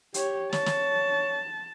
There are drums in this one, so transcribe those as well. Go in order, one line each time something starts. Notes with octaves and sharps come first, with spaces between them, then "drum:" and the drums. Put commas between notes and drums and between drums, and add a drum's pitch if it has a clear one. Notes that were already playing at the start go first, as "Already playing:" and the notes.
G4 C#5, drum: hi-hat
C#5 A5, drum: snare
drum: snare